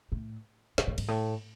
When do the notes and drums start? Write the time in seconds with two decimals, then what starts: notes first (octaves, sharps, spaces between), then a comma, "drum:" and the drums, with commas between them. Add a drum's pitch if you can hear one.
0.12 A2
0.78 A#2, drum: snare
0.87 A2
0.98 G#2, drum: cymbal
1.08 A2